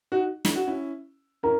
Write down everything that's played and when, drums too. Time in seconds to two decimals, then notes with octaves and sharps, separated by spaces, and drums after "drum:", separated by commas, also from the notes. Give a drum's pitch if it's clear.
0.12 D#4 F#4
0.45 E4, drum: snare
0.56 F#4
0.67 C#4 E4
1.43 C#4 E4 A#4